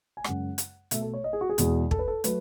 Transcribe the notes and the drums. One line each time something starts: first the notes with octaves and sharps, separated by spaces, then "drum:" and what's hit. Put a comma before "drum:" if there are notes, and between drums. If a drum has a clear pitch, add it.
G#5
F#2 C#3 G#3 F#5, drum: rim click
drum: hi-hat
B2 A3 E5, drum: hi-hat
A4
C#5
D#5
G#4
F#4
G#4
E2 B2 G#3, drum: hi-hat
A4, drum: kick
B4
A4
F#3 A3 B4, drum: hi-hat